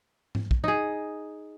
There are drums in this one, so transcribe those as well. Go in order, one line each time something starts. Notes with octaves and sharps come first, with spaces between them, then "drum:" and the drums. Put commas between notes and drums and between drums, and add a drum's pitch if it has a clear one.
drum: tom G#2
drum: kick
D#4 G#4